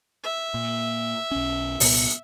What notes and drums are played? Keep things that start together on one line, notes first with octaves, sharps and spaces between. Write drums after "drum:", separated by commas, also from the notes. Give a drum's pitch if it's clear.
E5
A#2
B1 C#4
C2 A#2 B3, drum: open hi-hat